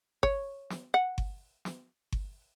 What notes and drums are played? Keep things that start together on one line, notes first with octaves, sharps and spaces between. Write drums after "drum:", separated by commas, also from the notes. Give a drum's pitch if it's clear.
C#5, drum: kick G1
drum: snare
F#5
drum: kick G1
drum: snare
drum: kick G1